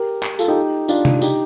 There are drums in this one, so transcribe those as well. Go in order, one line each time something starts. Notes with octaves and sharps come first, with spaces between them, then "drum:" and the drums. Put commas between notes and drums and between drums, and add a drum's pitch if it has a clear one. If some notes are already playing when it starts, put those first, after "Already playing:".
Already playing: G4 A#4
drum: clap
F4 A4, drum: tambourine
D#4 G4
D4 F4, drum: tambourine
drum: tom C3
D#4 G4, drum: tambourine